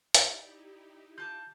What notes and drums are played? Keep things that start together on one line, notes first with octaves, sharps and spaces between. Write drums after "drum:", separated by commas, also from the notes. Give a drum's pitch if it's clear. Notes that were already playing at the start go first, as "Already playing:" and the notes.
D#4 E4 G4 D5, drum: hi-hat
F4 A5 D6 G6